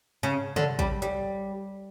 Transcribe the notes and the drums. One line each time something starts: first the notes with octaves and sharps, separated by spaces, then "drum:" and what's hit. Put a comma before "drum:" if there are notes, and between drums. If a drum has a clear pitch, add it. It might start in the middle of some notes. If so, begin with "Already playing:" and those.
C#3
D3, drum: tom
G3, drum: kick
G3, drum: hi-hat